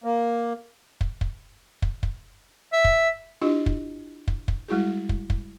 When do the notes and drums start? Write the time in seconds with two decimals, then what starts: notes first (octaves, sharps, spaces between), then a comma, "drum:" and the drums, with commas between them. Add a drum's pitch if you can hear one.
0.04 A#3
1.01 drum: kick
1.21 drum: kick
1.82 drum: kick
2.03 drum: kick
2.72 E5
2.85 drum: kick
3.42 D4 E4 F4 G4 D#5
3.66 drum: kick
4.28 drum: kick
4.48 drum: kick
4.68 G3 G#3 E4 F#4 G#4
5.09 drum: kick
5.30 drum: kick